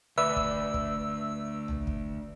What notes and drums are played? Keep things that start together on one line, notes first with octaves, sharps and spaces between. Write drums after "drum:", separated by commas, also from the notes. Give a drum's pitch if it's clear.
D2 B4 D5 E5 E6
drum: kick
drum: kick
drum: tom
drum: kick